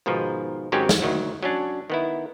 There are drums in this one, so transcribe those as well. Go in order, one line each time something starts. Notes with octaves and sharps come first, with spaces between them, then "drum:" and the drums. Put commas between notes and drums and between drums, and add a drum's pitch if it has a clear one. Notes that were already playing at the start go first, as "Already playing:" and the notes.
G#2 B2 D#3 F3
G#2 D#3 F#3 C4 C#4 G4
drum: snare
D2 D#3 F#3
F#3 C#4 D4
D#3 B3 E4